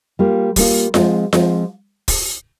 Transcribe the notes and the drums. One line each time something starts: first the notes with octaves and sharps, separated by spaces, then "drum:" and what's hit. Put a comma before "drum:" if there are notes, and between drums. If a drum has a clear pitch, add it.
G3 A#3 F4
G3 A#3 F4, drum: kick, open hi-hat
F3 G#3 C4 F4, drum: snare F4
F3 G#3 C4, drum: snare F4
drum: kick, open hi-hat